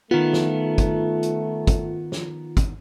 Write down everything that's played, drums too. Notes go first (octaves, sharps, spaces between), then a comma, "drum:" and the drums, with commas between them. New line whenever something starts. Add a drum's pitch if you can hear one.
D#3 A3 B3 F4
drum: snare
drum: kick, hi-hat
drum: hi-hat
drum: kick, hi-hat
drum: snare
drum: kick, hi-hat